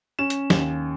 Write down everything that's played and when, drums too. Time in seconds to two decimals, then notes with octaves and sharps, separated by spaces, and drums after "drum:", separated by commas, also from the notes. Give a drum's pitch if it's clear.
0.19 C#4 E7
0.30 drum: hi-hat
0.50 D#2, drum: snare